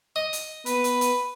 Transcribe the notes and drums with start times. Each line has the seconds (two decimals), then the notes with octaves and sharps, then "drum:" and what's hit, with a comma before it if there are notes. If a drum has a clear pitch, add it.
0.16 D#5
0.33 drum: hi-hat
0.66 B3 B4, drum: hi-hat
0.84 drum: hi-hat
1.01 drum: hi-hat